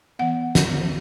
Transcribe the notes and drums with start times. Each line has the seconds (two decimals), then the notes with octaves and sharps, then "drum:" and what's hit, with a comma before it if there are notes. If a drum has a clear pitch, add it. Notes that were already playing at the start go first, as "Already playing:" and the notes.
0.19 E3 B3 F#5
0.55 drum: snare